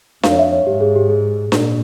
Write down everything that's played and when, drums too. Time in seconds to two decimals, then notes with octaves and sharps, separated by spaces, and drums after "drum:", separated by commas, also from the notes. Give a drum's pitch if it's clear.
0.23 F2 F5, drum: snare D4
0.32 C#5
0.38 E5
0.52 C#5
0.67 G#2 G4
0.81 G#4
0.96 G4
1.10 G#4
1.52 A#2, drum: snare D4